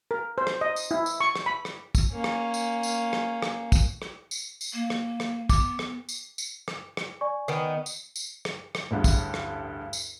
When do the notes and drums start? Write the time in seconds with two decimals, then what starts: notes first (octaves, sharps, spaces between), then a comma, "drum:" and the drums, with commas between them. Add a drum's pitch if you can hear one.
0.11 A#4
0.38 C5
0.47 drum: rim click
0.61 D#5
0.76 drum: tambourine
0.91 E4
1.06 drum: tambourine
1.20 C#6
1.35 drum: rim click
1.46 B5
1.65 drum: rim click
1.95 drum: kick, tambourine
2.14 A#3 C#4
2.24 drum: rim click
2.54 drum: tambourine
2.83 drum: tambourine
3.13 drum: rim click
3.42 drum: rim click
3.72 drum: kick, tambourine
4.02 drum: rim click
4.31 drum: tambourine
4.61 drum: tambourine
4.73 A#3
4.90 drum: rim click
5.20 drum: rim click
5.49 B3 D6, drum: kick, tambourine
5.79 drum: rim click
6.09 drum: tambourine
6.38 drum: tambourine
6.68 drum: rim click
6.97 drum: rim click
7.21 D5 G#5 C#6
7.48 D#3 B3
7.86 drum: tambourine
8.16 drum: tambourine
8.45 drum: rim click
8.75 drum: rim click
8.91 A1 D2 G2 G#4
9.04 drum: kick, tambourine
9.34 drum: rim click
9.93 drum: tambourine